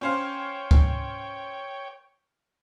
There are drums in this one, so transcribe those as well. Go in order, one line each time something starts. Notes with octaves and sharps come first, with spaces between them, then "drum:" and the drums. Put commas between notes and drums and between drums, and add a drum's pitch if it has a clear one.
C#4 C5 C#5 F5 G5
drum: kick C#2